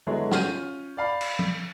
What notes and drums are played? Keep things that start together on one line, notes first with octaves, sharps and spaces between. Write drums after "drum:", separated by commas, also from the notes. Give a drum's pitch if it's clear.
D3 F#3 G#3 B3 E4 C#5
C#4 F4 F6 G6 D#7, drum: snare
D5 F5 B5
drum: cymbal
drum: tom